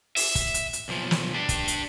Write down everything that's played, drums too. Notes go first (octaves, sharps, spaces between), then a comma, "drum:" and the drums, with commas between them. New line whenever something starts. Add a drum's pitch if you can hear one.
E5, drum: open hi-hat
drum: kick, hi-hat
drum: hi-hat
drum: hi-hat
B1 F3
drum: snare
D4 G4
drum: kick, hi-hat
drum: hi-hat